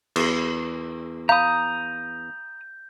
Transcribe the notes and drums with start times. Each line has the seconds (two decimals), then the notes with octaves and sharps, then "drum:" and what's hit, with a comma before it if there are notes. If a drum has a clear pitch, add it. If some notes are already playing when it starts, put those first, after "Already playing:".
0.16 E2, drum: cymbal
1.29 F5 A#5 B5 D#6 G6